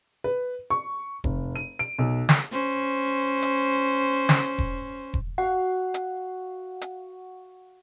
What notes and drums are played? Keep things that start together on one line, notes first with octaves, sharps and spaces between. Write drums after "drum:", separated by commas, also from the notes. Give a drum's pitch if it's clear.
B4
C#6
F1, drum: kick E1
D#7
D7
B1
drum: snare
C#4 C5
drum: hi-hat
drum: snare
drum: kick E1
drum: kick E1
F#4 F5 F#5
drum: hi-hat
drum: hi-hat